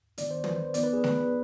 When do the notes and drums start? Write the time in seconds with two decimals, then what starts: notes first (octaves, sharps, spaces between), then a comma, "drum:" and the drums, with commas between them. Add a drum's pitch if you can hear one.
0.18 D#3 B3 D4 D5, drum: hi-hat
0.31 C5
0.44 B4, drum: tom
0.56 C5
0.74 F3 B3 D#4 D5, drum: hi-hat
0.84 B4
0.93 G#4
1.04 B4, drum: snare A3